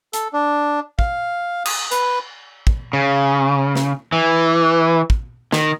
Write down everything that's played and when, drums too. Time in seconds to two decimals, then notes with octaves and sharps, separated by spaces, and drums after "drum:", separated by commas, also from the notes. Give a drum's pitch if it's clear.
0.13 A4, drum: hi-hat
0.33 D4
0.99 F5, drum: kick
1.66 D#6, drum: cymbal
1.91 B4, drum: hi-hat
2.67 drum: kick
2.93 C#3
3.76 drum: snare
4.12 E3
5.10 drum: kick
5.52 D#3, drum: snare